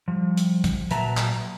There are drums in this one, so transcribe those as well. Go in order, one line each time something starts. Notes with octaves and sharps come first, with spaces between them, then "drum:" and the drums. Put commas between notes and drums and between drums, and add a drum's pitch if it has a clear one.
F3 G3
drum: hi-hat
drum: kick, hi-hat
A#2 F#3 B4 E5 A5 A#5, drum: hi-hat
drum: clap